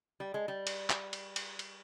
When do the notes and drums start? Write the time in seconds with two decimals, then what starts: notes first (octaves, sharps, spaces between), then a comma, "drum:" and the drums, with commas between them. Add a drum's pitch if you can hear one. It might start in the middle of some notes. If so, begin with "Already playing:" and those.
0.20 G3
0.34 G#3
0.48 G3
0.67 drum: cymbal
0.90 drum: clap
1.13 drum: cymbal
1.36 drum: cymbal
1.59 drum: cymbal